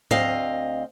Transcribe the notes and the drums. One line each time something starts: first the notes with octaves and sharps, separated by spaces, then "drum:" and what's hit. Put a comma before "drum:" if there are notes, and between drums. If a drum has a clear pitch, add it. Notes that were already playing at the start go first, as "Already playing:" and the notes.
D2 C4 D#5 F5, drum: tom G#2